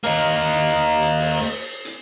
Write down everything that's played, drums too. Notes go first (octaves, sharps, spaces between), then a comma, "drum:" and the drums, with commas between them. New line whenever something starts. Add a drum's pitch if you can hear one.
A#3 D#4
drum: hi-hat
drum: hi-hat
drum: hi-hat
drum: open hi-hat
drum: open hi-hat
drum: hi-hat